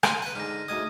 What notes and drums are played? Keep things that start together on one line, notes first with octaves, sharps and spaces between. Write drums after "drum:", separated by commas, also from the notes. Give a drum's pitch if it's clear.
F5 C6 D#7, drum: rim click
B4 F#5
G#2 D3 F6 A#6
D2 G#2 D#5 D#6 G#6 D#7